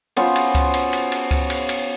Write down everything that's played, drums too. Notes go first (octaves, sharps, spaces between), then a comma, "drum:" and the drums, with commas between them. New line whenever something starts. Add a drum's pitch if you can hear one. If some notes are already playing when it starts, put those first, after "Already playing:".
B3 C#4 F4 C5, drum: cymbal
drum: cymbal
drum: kick C#2, cymbal
drum: cymbal
drum: cymbal
drum: cymbal
drum: kick C#2, cymbal
drum: cymbal
drum: cymbal